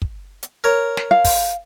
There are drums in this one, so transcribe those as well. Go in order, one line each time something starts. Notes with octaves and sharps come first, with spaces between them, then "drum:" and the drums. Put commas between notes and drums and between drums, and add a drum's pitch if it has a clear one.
drum: kick
drum: hi-hat
A#4 C#5
drum: snare
F5
drum: kick, open hi-hat